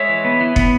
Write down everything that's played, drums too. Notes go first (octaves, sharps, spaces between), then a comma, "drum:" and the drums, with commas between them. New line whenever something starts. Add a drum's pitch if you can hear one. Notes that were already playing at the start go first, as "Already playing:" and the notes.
Already playing: G#3 C#5 E5
E3
B3
E3
B3, drum: kick